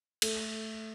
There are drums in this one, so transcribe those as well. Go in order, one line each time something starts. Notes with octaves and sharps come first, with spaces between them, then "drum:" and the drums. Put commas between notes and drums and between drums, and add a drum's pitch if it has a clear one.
A3, drum: cymbal